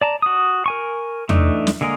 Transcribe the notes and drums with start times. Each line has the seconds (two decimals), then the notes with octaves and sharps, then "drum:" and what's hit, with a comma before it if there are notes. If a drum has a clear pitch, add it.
0.01 D5 A5 A#5
0.22 F#4 D#6
0.66 A#4 G#5 C#6
1.29 E3 A3 D4 D#4, drum: tom E2
1.67 drum: snare
1.81 D3 G#3 A#3 G#4 A#4